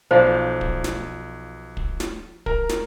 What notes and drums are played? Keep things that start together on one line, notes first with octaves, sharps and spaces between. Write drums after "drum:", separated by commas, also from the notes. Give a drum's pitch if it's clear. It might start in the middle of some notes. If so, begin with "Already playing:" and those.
B1 F3 C5 D5 F5
drum: kick
drum: snare
drum: kick
drum: snare
A#4 A#5, drum: kick
drum: snare